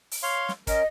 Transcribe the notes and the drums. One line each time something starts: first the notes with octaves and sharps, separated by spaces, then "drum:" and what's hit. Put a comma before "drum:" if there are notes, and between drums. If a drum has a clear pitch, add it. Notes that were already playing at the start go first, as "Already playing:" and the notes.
drum: open hi-hat
C#5 F5 C6
drum: snare
C#4 A#4 D#5, drum: kick, hi-hat